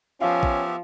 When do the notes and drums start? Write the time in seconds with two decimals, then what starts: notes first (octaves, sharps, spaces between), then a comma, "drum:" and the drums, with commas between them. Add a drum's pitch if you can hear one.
0.21 F3 B3 C#4 G4 E5 F5
0.43 drum: kick